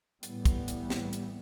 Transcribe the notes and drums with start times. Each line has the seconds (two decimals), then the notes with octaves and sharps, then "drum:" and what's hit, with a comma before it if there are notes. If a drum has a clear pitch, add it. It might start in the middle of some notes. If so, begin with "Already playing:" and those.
0.23 A2 E3 G3 B3, drum: hi-hat
0.45 drum: kick, hi-hat
0.68 drum: hi-hat
0.90 drum: snare
1.13 drum: hi-hat